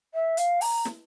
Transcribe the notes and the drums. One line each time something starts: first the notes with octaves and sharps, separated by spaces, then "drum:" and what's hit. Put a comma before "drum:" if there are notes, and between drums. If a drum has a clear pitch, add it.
E5
F5, drum: hi-hat
A#5, drum: open hi-hat
drum: snare